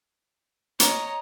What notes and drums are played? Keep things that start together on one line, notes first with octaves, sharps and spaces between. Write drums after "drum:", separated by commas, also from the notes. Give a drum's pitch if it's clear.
C#5 D#5 A#5, drum: hi-hat